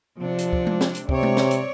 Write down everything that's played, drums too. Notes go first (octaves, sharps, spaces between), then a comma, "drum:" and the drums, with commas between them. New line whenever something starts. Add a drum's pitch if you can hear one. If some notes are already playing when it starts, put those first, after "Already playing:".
C3 F3 D4
drum: hi-hat
drum: kick
drum: tom G#3
drum: snare
drum: hi-hat
C3 C4 C#5 D5, drum: kick
drum: tom G#3
drum: snare
drum: hi-hat